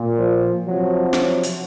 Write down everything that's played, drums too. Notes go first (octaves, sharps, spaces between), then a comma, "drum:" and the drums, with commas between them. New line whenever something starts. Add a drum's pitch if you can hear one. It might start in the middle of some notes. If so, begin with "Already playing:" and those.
Already playing: A#2
F3
C3 F3 F#3
F#3, drum: snare
drum: hi-hat